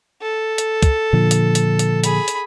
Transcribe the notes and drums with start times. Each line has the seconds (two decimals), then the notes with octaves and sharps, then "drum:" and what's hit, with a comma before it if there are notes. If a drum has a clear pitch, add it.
0.22 A4
0.58 drum: hi-hat
0.82 drum: kick, hi-hat
1.13 A#2 D3 F3
1.31 drum: hi-hat
1.55 drum: hi-hat
1.79 drum: hi-hat
2.04 G#4 B5, drum: hi-hat
2.28 drum: hi-hat